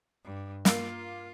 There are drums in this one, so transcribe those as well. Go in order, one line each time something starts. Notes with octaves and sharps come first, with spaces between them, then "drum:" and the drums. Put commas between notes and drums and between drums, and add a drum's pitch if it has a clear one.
G2
A#3 F4, drum: snare